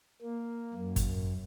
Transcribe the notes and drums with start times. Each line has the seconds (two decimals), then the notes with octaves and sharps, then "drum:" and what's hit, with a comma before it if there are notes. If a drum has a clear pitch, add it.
0.22 A#3
0.74 F#2
0.96 drum: kick G1, hi-hat